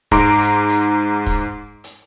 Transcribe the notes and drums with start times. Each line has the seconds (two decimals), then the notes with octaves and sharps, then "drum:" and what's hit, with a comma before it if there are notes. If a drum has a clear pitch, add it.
0.11 G#2 A#5 C6 D6 D7, drum: kick
0.40 drum: hi-hat
0.69 drum: hi-hat
1.26 drum: kick, hi-hat
1.84 drum: hi-hat